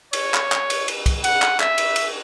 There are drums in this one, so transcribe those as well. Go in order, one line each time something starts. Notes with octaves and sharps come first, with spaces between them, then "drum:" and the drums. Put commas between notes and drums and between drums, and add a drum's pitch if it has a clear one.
C#5, drum: cymbal
drum: clap
drum: clap
drum: cymbal
drum: cymbal
drum: kick, cymbal
F#5, drum: cymbal
drum: clap
E5, drum: clap
drum: cymbal
drum: cymbal